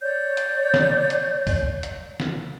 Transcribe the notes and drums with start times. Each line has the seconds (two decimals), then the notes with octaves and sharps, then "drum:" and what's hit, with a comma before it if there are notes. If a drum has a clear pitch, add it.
0.01 C#5 D5 G6
0.37 drum: hi-hat
0.74 drum: snare
1.10 drum: hi-hat
1.47 drum: kick, open hi-hat
1.83 drum: hi-hat
2.20 drum: snare